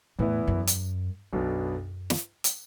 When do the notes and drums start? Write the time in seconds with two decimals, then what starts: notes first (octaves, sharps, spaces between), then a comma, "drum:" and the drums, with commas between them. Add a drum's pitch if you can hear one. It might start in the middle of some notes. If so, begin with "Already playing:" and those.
0.19 E2 A2 E3 B3 E4
0.47 F#2
0.67 drum: hi-hat
1.33 B1 F#2 B2 B3 D4 A4
2.10 drum: snare
2.44 drum: hi-hat